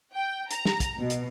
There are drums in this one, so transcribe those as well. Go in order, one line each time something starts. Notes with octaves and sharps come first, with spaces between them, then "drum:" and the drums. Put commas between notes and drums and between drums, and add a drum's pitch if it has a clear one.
G5
A#5, drum: hi-hat
drum: snare
drum: kick, hi-hat
B2
drum: hi-hat